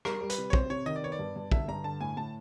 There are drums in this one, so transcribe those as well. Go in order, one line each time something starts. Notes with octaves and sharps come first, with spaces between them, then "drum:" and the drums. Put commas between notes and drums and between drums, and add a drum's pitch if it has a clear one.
G3 A#4, drum: rim click
G3
B4, drum: hi-hat
C3
C#5
C4 C5, drum: kick
C3 C#5
D#3 D#5
D5
B3 C#5
D5
G2
G2
D3 E5, drum: kick
G2 A#5
D3 A5
A2 G#5
A2 A5